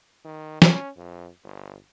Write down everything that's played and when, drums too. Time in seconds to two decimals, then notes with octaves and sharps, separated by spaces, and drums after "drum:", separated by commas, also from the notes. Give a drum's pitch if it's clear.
0.25 D#3
0.62 C#4, drum: snare
0.97 F2
1.44 G1